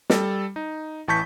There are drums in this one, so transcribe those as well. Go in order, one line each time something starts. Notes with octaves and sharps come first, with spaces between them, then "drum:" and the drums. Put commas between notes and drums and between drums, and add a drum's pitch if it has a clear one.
G3 A4, drum: snare
D#4
A1 E3 A5 C#6 G6 B6